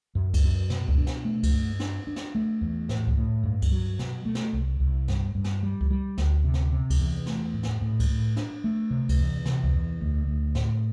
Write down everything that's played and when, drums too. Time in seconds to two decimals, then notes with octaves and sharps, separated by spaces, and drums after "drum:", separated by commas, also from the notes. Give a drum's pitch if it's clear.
0.15 F#2
0.34 drum: kick C#2, cymbal
0.43 F#2
0.70 B2, drum: snare
0.89 drum: kick C#2
0.98 D4
1.07 drum: snare
1.25 A3
1.43 drum: kick C#2, cymbal
1.52 G2
1.80 D4, drum: snare
2.07 D4
2.16 drum: snare
2.35 A3
2.61 E2
2.89 A2, drum: snare
3.07 drum: kick C#2
3.17 A2
3.43 G2
3.62 drum: kick C#2, cymbal
3.72 F#3
3.99 B2, drum: snare
4.25 A3
4.35 drum: snare
4.53 C2
4.80 C2
5.08 G2, drum: snare
5.35 G2
5.44 drum: snare
5.63 G3
5.81 drum: kick C#2
5.90 G3
6.18 D2, drum: snare
6.44 C3
6.54 drum: snare
6.72 C3
6.90 drum: kick C#2, cymbal
7.00 E2
7.26 A3, drum: snare
7.54 A2
7.63 drum: snare
7.82 A2
8.00 drum: kick C#2, cymbal
8.09 A2
8.36 D4, drum: snare
8.64 A3
8.91 C3
9.09 drum: kick C#2, cymbal
9.19 E2
9.45 C3, drum: snare
9.64 drum: kick C#2
9.73 E2
10.01 D2
10.27 D2
10.55 A2, drum: snare